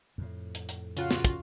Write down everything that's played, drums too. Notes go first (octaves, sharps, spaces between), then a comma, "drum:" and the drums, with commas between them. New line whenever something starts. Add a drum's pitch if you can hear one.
F2 A2
drum: hi-hat
drum: hi-hat
C#3 F4 F#4, drum: hi-hat
drum: snare
drum: kick, hi-hat